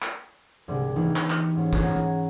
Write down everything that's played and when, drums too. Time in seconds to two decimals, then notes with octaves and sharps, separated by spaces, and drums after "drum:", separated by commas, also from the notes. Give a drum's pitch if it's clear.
0.02 drum: clap
0.68 C2 G#2 D3 G3 G#3
0.96 D#3 E3 B3 D#4 E4 G4
1.16 drum: clap
1.30 drum: clap
1.56 G#2 C#4
1.73 G#4 A#4 F#5 G#5 C#6, drum: kick